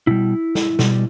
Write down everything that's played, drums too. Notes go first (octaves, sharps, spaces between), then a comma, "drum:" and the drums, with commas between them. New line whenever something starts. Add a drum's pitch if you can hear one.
B2 G3 E4
drum: snare
B2 G3, drum: snare